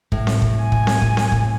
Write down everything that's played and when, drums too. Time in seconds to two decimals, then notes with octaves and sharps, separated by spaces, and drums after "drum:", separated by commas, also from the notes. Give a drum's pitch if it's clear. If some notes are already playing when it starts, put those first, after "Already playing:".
0.12 A2, drum: kick
0.27 drum: snare C4
0.42 drum: kick
0.62 G#5
0.72 drum: kick
0.87 drum: snare C4
1.02 drum: kick
1.17 drum: snare C4
1.32 drum: kick